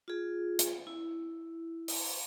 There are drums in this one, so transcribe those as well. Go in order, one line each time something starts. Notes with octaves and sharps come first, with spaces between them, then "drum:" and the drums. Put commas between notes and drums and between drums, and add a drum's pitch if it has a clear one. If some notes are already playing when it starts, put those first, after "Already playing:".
F4 G#4
drum: hi-hat
E4
drum: open hi-hat